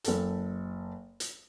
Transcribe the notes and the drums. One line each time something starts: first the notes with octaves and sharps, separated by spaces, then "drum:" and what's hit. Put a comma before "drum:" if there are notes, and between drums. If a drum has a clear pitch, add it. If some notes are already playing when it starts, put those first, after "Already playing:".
F#1 A4, drum: hi-hat
drum: hi-hat